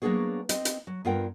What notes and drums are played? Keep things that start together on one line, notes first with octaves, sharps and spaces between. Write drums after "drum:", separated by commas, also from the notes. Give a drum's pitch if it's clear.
F#3 A#3 B3 D4 G#4 C#5
C4 D#5, drum: hi-hat
drum: hi-hat
F#3
G2 B3 F4 A#4 F#5 G5